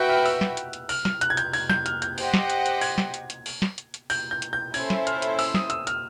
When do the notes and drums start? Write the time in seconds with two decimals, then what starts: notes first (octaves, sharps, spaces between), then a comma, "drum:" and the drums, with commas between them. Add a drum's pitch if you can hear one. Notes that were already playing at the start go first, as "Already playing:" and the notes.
Already playing: F#4 B4 E5 G5 F#6
0.09 F6
0.26 E6, drum: open hi-hat
0.41 drum: snare
0.57 drum: hi-hat
0.73 drum: hi-hat
0.89 F6, drum: open hi-hat
1.05 F6, drum: snare
1.21 F#6, drum: hi-hat
1.30 G#6
1.37 G6, drum: hi-hat
1.53 G#6, drum: open hi-hat
1.69 G6, drum: snare
1.86 F6, drum: hi-hat
2.02 G6, drum: hi-hat
2.18 G4 C5 D#5 F#5, drum: open hi-hat
2.34 drum: snare
2.50 drum: hi-hat
2.66 drum: hi-hat
2.81 G#6, drum: open hi-hat
2.98 drum: snare
3.14 drum: hi-hat
3.30 drum: hi-hat
3.46 drum: open hi-hat
3.62 drum: snare
3.78 drum: hi-hat
3.94 drum: hi-hat
4.10 G6, drum: open hi-hat
4.31 G6
4.42 drum: hi-hat
4.53 G6
4.74 C#4 E4 A4 C5 E5 G#6, drum: open hi-hat
4.90 drum: snare
5.07 F6, drum: hi-hat
5.22 drum: hi-hat
5.39 E6, drum: open hi-hat
5.54 D#6, drum: snare
5.70 E6, drum: hi-hat
5.87 F6, drum: hi-hat